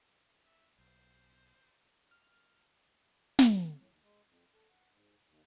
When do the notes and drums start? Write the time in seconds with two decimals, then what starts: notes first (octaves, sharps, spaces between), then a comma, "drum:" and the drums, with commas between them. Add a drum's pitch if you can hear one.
0.46 E5
0.78 B1 C5
2.11 F6
3.39 drum: snare
3.74 A2
3.89 D#2
4.03 G#3
4.27 F2
4.54 A4
4.70 F#5
4.91 G#2
5.26 D#2